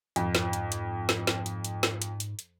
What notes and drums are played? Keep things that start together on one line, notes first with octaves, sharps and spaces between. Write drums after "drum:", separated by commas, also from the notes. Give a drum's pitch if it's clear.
F2 G#2, drum: hi-hat
drum: snare
drum: hi-hat
drum: hi-hat
drum: snare
drum: snare
drum: hi-hat
drum: hi-hat
drum: snare
drum: hi-hat
drum: hi-hat
drum: hi-hat